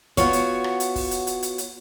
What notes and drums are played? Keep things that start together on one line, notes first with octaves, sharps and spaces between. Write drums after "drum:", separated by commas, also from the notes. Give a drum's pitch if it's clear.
B3 F4 F#4 C#5, drum: kick, hi-hat
drum: hi-hat
drum: rim click
drum: hi-hat
drum: kick, open hi-hat
drum: hi-hat
drum: hi-hat
drum: hi-hat
drum: hi-hat